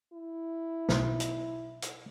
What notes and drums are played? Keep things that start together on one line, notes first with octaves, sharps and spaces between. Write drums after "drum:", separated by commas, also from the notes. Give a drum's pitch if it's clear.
E4
B1 C5, drum: snare
drum: hi-hat
drum: hi-hat